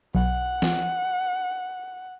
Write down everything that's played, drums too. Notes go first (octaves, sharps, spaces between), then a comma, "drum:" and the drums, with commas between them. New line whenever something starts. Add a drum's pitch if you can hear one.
B1 F#5
drum: snare